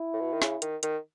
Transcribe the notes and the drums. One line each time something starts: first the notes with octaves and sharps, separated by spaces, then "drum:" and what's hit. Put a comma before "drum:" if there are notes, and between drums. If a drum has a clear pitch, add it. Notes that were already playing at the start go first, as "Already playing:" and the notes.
Already playing: E4
A2
B2
D#3
C#3, drum: snare
D#3, drum: hi-hat
D#3, drum: hi-hat